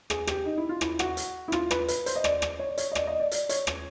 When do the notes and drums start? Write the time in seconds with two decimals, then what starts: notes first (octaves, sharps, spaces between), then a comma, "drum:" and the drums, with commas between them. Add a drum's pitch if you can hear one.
0.10 G#4, drum: rim click
0.27 G4, drum: rim click
0.46 D#4
0.57 E4
0.69 F4
0.81 E4, drum: rim click
0.99 F#4, drum: rim click
1.17 drum: hi-hat
1.48 E4
1.52 F4, drum: rim click
1.71 B4, drum: rim click
1.88 B4, drum: hi-hat
2.06 C5, drum: hi-hat
2.16 D#5
2.24 D5, drum: rim click
2.42 drum: rim click
2.59 C#5
2.69 D5
2.78 C#5, drum: hi-hat
2.92 D#5
2.95 D5, drum: rim click
3.07 D#5
3.20 D5
3.31 D5, drum: hi-hat
3.49 C#5, drum: hi-hat
3.67 drum: rim click